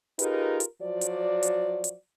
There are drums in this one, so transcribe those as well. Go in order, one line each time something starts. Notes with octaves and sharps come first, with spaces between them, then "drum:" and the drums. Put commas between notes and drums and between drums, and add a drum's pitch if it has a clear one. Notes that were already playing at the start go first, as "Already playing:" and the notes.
D#4 F4 G4 G#4 A#4 B4, drum: hi-hat
drum: hi-hat
F3 F#3 F#4 D5
drum: hi-hat
drum: hi-hat
drum: hi-hat